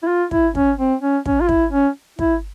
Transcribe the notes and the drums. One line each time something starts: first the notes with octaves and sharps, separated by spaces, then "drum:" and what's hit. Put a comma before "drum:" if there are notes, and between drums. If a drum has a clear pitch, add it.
E4
F4
E4, drum: kick
C#4, drum: kick
C4
C#4
C#4, drum: kick
F4
E4, drum: kick
C#4
E4, drum: kick